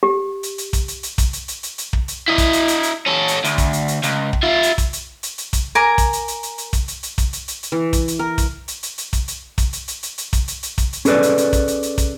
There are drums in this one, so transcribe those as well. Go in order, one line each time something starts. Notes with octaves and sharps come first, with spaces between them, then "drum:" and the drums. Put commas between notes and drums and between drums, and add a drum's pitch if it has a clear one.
G4
drum: hi-hat
drum: hi-hat
drum: kick, hi-hat
drum: hi-hat
drum: hi-hat
drum: kick, hi-hat
drum: hi-hat
drum: hi-hat
drum: hi-hat
drum: hi-hat
drum: kick
drum: hi-hat
E4 D#5
drum: kick, hi-hat
drum: hi-hat
drum: hi-hat
drum: hi-hat
C#4 A4
drum: hi-hat
D2, drum: hi-hat
drum: kick, hi-hat
drum: hi-hat
drum: hi-hat
C#2, drum: hi-hat
drum: kick
F4 E5
drum: hi-hat
drum: kick, hi-hat
drum: hi-hat
drum: hi-hat
drum: hi-hat
drum: kick, hi-hat
A#4 G#5 A#5 D6
drum: kick, hi-hat
drum: hi-hat
drum: hi-hat
drum: hi-hat
drum: hi-hat
drum: kick, hi-hat
drum: hi-hat
drum: hi-hat
drum: kick, hi-hat
drum: hi-hat
drum: hi-hat
drum: hi-hat
E3
drum: kick, hi-hat
drum: hi-hat
A#4
drum: kick, hi-hat
drum: hi-hat
drum: hi-hat
drum: hi-hat
drum: kick, hi-hat
drum: hi-hat
drum: kick, hi-hat
drum: hi-hat
drum: hi-hat
drum: hi-hat
drum: hi-hat
drum: kick, hi-hat
drum: hi-hat
drum: hi-hat
drum: kick, hi-hat
drum: hi-hat
C#4 G#4 A4 B4 D5, drum: hi-hat
drum: hi-hat
drum: hi-hat
drum: kick, hi-hat
drum: hi-hat
drum: hi-hat
drum: kick, hi-hat